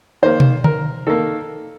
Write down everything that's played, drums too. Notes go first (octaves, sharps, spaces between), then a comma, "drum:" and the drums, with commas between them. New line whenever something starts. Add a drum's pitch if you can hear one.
D#3 A#3 C5
drum: tom B2
A#4, drum: tom D3
D#3 A#3 A4